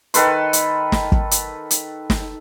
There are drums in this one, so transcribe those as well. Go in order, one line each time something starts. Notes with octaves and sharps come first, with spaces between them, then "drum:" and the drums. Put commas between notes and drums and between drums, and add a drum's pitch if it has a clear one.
D#3 A4 B4 C6, drum: hi-hat
drum: hi-hat
drum: snare
drum: kick
drum: hi-hat
drum: hi-hat
drum: snare